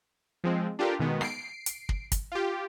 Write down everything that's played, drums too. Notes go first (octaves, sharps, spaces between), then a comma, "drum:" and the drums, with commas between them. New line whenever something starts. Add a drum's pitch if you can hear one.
F3 G#3 C4
D4 F4 G4 A4 A#4
B2 D#3 G#3 B3
C7 D7, drum: rim click
drum: hi-hat
drum: kick
drum: kick, hi-hat
F4 G4